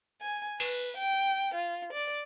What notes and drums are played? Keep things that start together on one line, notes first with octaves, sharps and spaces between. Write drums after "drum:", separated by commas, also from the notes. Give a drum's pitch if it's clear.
G#5
B4, drum: open hi-hat
G5
F4
D5